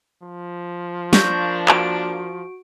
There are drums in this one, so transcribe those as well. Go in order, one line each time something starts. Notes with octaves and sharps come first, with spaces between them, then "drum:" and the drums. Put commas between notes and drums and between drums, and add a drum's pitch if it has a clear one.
F3
A#3 D4 C#6 G6 A#6, drum: snare
F#4 D7, drum: clap